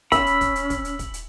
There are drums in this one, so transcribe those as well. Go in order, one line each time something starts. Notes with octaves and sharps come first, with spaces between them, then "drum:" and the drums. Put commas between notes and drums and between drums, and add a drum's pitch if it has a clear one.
C#4 B5 E6, drum: kick, hi-hat
drum: hi-hat
drum: kick, hi-hat
drum: hi-hat
drum: kick, hi-hat
drum: hi-hat
drum: kick, hi-hat
drum: hi-hat